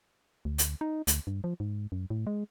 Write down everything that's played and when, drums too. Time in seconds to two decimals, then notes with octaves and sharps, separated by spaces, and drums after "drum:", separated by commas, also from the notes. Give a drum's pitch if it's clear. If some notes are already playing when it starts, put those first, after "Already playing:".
0.45 D2
0.58 drum: hi-hat
0.81 D#4
1.07 D2, drum: hi-hat
1.27 G2
1.44 F3
1.60 G#2
1.92 F#2
2.10 A2
2.27 G#3